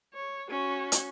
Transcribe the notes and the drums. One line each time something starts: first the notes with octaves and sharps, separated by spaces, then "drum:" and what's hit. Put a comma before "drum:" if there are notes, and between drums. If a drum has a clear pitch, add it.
C#5
C#4 F#4
drum: hi-hat